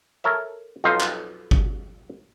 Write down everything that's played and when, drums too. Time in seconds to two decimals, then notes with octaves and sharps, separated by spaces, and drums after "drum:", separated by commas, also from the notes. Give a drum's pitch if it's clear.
0.24 A4 A#4 C#5 E5
0.84 B1 F2 F3 D#4 C5 F5
1.00 drum: clap
1.51 drum: kick G1